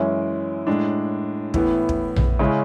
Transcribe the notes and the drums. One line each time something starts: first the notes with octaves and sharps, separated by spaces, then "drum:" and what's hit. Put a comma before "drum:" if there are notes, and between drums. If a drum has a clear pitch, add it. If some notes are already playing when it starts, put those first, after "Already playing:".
Already playing: F#2 E3 G#3 C#4 E4
A2 G#3 D4
A2 E3 B3, drum: kick
drum: kick
drum: tom A#1
C#3 G#3 C#4 E4